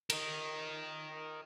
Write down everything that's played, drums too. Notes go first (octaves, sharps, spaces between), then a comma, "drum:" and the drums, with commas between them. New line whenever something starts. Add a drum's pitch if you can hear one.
A#4 D#5, drum: cymbal